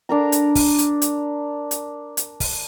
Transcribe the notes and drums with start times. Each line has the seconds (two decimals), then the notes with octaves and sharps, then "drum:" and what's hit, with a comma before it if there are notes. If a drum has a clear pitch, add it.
0.09 D4 A#4 A#5
0.32 drum: hi-hat
0.55 drum: kick, open hi-hat
0.78 drum: hi-hat
1.02 drum: hi-hat
1.71 drum: hi-hat
2.17 drum: hi-hat
2.40 drum: kick, open hi-hat